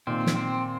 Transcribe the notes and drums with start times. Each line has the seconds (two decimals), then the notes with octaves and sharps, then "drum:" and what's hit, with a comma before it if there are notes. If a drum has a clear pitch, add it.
0.07 A#2 D#3 C4
0.26 drum: snare
0.37 C4